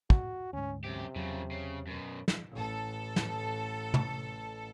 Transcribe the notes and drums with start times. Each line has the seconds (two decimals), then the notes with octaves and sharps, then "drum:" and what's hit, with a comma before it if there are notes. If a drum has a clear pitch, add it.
0.10 F#4, drum: kick
0.53 D2 G#2 C#4
0.84 F#2 C3 G4
1.16 E2 C#3 F3 F#3
1.51 C#3
1.87 F#2 B2
2.28 drum: snare
2.53 A1 A4
3.16 drum: snare
3.94 drum: tom